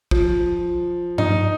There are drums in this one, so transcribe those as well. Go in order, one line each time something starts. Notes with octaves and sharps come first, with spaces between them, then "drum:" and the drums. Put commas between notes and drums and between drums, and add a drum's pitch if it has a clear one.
F3, drum: kick
D#4, drum: tom G2